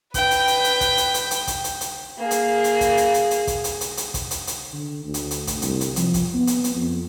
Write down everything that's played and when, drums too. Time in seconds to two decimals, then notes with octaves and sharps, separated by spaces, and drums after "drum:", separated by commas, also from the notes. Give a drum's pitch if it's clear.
0.14 B4 G5, drum: kick, hi-hat
0.31 drum: hi-hat
0.47 drum: hi-hat
0.64 drum: hi-hat
0.81 drum: kick, hi-hat
0.97 drum: hi-hat
1.14 drum: hi-hat
1.31 drum: hi-hat
1.47 drum: kick, hi-hat
1.64 drum: hi-hat
1.81 drum: hi-hat
2.18 A#3 G#4
2.31 drum: hi-hat
2.64 drum: hi-hat
2.81 drum: kick, hi-hat
2.97 drum: hi-hat
3.14 drum: hi-hat
3.31 drum: hi-hat
3.47 drum: kick, hi-hat
3.64 drum: hi-hat
3.81 drum: hi-hat
3.97 drum: hi-hat
4.14 drum: kick, hi-hat
4.31 drum: hi-hat
4.47 drum: hi-hat
4.73 D3
5.04 D2
5.14 drum: hi-hat
5.31 drum: hi-hat
5.47 drum: kick, hi-hat
5.62 C2, drum: hi-hat
5.81 drum: hi-hat
5.96 F3, drum: hi-hat
6.14 drum: kick, hi-hat
6.34 B3
6.47 drum: hi-hat
6.64 drum: hi-hat
6.75 F2